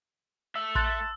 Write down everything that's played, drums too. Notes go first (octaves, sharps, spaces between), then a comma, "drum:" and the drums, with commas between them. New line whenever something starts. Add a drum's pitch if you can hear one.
A3 E5 E6
A5 C6 F#6 A6, drum: kick A1